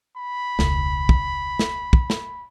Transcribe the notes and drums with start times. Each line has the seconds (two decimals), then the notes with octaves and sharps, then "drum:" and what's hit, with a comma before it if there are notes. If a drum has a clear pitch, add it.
0.17 B5
0.59 E1 C#2, drum: snare
1.09 drum: kick
1.59 drum: snare
1.93 drum: kick
2.10 drum: snare